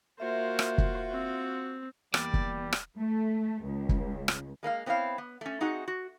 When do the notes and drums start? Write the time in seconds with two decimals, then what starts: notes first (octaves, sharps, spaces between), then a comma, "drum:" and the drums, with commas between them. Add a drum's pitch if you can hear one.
0.20 A#3 F4 F#4 C5 E5
0.59 drum: rim click
0.78 drum: kick
1.11 C4
2.14 E2 G3 A#3 D5, drum: rim click
2.34 drum: kick
2.72 drum: rim click
2.99 A3
3.64 C#2
3.89 drum: kick
4.28 drum: rim click
4.63 G#3 A#3 D4 F5
4.86 B3 C4 E4 C#5 F5
5.18 B3
5.41 A3 C#4
5.60 C4 D#4 F#4 G#4 F#5
5.88 F#4